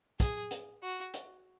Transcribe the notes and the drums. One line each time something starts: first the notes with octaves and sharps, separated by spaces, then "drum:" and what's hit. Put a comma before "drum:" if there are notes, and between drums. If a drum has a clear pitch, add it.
G#4, drum: kick, hi-hat
drum: hi-hat
F#4
drum: hi-hat